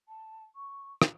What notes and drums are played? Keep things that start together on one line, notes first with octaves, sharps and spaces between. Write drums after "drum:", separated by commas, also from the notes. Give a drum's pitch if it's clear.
A5
C#6
drum: rim click